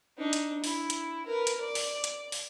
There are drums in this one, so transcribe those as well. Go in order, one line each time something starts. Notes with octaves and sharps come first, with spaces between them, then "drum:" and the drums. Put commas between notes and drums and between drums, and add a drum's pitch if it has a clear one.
D4 D#4
drum: hi-hat
E4, drum: open hi-hat
drum: hi-hat
A#4 B4
drum: hi-hat
D5
drum: open hi-hat
drum: hi-hat
drum: open hi-hat